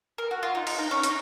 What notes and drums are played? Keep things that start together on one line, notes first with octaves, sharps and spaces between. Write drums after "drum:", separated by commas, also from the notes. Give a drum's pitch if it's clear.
A#4
F#4
F4
D#4
D#4, drum: cymbal
D#4
C#4
D#4, drum: hi-hat